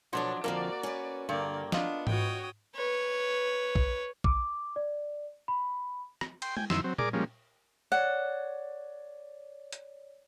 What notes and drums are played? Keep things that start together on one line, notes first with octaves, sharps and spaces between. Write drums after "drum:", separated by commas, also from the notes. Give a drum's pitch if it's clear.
B2 F3 F#3 D4 A4 C#5
F2 D3 F3 A#3 F#4 A#4 D5
C#4 B4
G2 D3 A#3 A#4 D5
B3 D4 F4 D#5, drum: snare
F#4 C#5 G5 D#6, drum: tom G#2
B4 C#5
drum: kick
D6, drum: kick
D5
B5
drum: rim click
G5 C6, drum: cymbal
G5 G#5, drum: tom G#3
F#2 D#3 E4 C6 E6, drum: snare
F#3 C4
G#4 A#4 D5 D6, drum: tom A#2
F3 G3 G#3 A#3 C#4
C#5 D5 F#5
drum: hi-hat